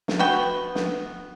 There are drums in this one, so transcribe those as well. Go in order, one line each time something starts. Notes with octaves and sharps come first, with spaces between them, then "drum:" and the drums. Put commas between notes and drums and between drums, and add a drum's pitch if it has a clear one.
drum: snare
B3 F#4 B4 G5
drum: snare